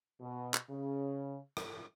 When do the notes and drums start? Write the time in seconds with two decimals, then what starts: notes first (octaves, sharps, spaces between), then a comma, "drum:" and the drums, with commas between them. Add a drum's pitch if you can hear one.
0.21 B2
0.54 drum: clap
0.70 C#3
1.57 drum: rim click